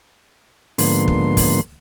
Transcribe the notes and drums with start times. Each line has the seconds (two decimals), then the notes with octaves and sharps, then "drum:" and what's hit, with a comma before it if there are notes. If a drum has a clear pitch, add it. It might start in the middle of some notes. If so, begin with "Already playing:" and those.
0.78 G#2 D3 F3 A#3 B3 C6, drum: open hi-hat
1.08 drum: kick
1.37 drum: kick, open hi-hat